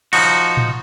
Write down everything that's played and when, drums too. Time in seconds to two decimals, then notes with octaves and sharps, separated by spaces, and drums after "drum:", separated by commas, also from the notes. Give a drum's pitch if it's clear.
0.13 F3 D#4 F#4, drum: cymbal
0.57 drum: tom A2